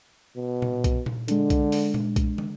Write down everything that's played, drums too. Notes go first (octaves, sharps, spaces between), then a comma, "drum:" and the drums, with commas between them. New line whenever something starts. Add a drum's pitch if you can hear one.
B2
drum: tom A#2
drum: kick B1, hi-hat
drum: tom A#2
D3 G#3 D4, drum: hi-hat
drum: kick B1, hi-hat
drum: open hi-hat
drum: tom A#2
drum: kick B1, hi-hat
drum: tom